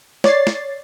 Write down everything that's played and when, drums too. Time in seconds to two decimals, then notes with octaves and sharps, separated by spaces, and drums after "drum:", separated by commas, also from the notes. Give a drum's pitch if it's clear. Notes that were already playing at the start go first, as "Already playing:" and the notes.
0.24 C#5 D5 A6 C7, drum: snare
0.47 drum: snare